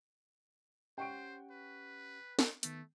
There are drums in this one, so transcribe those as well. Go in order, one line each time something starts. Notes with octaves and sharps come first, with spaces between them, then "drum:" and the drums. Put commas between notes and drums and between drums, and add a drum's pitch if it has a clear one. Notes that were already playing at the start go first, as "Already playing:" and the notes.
C#4 G4 C5 F#5 G5 C#6 D7
B4
drum: snare
D#3 A3 B3, drum: hi-hat